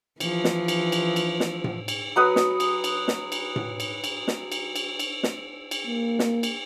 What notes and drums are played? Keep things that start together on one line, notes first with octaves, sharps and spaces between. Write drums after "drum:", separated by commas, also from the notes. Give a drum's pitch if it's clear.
E3 F3, drum: cymbal
drum: snare
drum: cymbal
drum: cymbal
drum: cymbal
drum: snare
drum: tom A2
drum: cymbal
F#3 B4 F#5 D#6
drum: snare
drum: cymbal
drum: cymbal
drum: snare
drum: cymbal
drum: tom A2
drum: cymbal
drum: cymbal
drum: snare
drum: cymbal
drum: cymbal
drum: cymbal
drum: snare
drum: cymbal
A#3
drum: snare
drum: cymbal